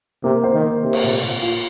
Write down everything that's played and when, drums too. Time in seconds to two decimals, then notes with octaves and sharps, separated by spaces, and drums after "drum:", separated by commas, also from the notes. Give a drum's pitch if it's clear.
0.24 C3 A#3
0.44 C5
0.54 D#3
0.63 A#3
0.83 C3 A#4
0.93 drum: cymbal
1.03 A#2
1.23 A#2
1.42 F4